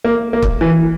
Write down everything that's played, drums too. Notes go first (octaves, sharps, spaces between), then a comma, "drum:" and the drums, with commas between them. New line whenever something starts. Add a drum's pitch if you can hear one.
A#3
A#3
drum: kick
E3